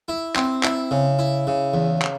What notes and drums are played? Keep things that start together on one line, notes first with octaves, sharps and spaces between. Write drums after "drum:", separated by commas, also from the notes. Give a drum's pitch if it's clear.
E4
C4, drum: clap
E4, drum: clap
C#3
E4
C#3
E2
drum: clap